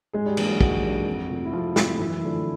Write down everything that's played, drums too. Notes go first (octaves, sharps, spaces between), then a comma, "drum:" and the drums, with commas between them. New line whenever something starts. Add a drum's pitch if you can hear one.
G#2 G#3 G#4
G3 G4
E3 G3 A#3 D4, drum: cymbal
F#3 F#4
G#2 F#3 F#4, drum: kick
E3 G3 A#3 D4
F2
C3 F3 A3
E4
F2 F3 F4
C3 F3 A3, drum: snare
F#2 E3 E4
D3 F3 A3